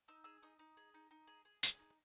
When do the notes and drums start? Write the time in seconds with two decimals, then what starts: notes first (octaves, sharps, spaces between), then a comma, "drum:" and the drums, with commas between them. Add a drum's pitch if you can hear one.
0.08 D#4 E6
0.24 G#4 E6
0.43 D#4 D#6
0.59 D#4
0.77 G#4
0.94 D#4
1.11 D#4
1.27 G#4
1.45 G#4
1.63 G#4, drum: hi-hat
1.79 D#4